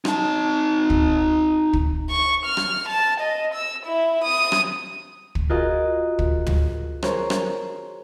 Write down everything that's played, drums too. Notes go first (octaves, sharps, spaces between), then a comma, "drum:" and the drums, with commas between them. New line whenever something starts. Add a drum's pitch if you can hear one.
D#4 A5, drum: rim click
drum: kick
drum: kick
C#6
F6
drum: rim click
A5
D#5
E6
E4
D#6
drum: rim click
drum: kick
F4 F#4 G#4 A#4 D#5
drum: kick
drum: tom
G#4 A#4 C5 C#5, drum: rim click
drum: rim click